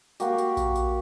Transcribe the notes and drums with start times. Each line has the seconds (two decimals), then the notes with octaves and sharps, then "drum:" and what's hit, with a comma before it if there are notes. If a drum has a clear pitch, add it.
0.20 A#3 F#4 G4, drum: tambourine
0.38 drum: tambourine
0.57 drum: kick A#1, tambourine
0.76 drum: tambourine